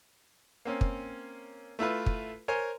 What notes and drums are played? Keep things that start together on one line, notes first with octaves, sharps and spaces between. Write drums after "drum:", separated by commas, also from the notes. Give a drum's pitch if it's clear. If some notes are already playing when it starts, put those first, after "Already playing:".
A#3 C4 C#4
drum: kick
A3 E4 F4 B4
drum: kick
A#4 C5 C#5 G#5 C6